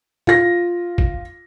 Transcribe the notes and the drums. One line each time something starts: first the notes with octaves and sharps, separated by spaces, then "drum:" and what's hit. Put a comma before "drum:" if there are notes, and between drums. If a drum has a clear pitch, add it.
F4 A#6, drum: tom
drum: kick A1